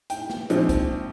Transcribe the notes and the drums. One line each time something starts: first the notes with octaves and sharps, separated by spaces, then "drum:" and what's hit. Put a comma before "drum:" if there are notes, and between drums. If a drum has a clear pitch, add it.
G5, drum: hi-hat
drum: snare
A#1 G#2 F3 C4, drum: hi-hat
drum: kick, hi-hat